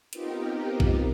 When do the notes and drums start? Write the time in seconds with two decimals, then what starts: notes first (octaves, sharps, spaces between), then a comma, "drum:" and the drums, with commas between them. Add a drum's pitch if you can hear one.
0.13 B3 C4 D#4 F4 G4 A#4, drum: hi-hat
0.80 drum: kick